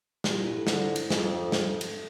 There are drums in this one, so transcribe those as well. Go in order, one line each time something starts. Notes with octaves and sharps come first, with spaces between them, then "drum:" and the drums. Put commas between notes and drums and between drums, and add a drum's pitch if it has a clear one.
A#2 G4, drum: snare
E4
F4
A4
D3 C5, drum: snare
E4
drum: cymbal
F2, drum: snare
A4
A4, drum: snare
drum: cymbal